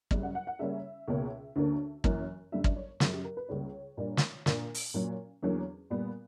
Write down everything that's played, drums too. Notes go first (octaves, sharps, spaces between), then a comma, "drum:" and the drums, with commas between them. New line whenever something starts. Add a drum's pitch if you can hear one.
F#2 C#3 G3 D5, drum: kick
F#5
F#5
F#5
C#3 G3 A#3 C#4 E5
C#2 B2 A#3 C#4
D2 D3 A#3 C#4
F#2 E3 A#3 C#4, drum: kick
F#2 D3 G3 E5
D5, drum: kick
C#5
F#2 C#3 F#3 A#4, drum: snare
G4
A#4
B4
C#2 C#3 G3 A#3 C#5
A#2 G3 A#3 D4
drum: snare
A#2 A#3 D4, drum: snare
drum: open hi-hat
A#2 F#3 C#4
E2 D3 F#3 A#3 C#4
A#2 G3 B3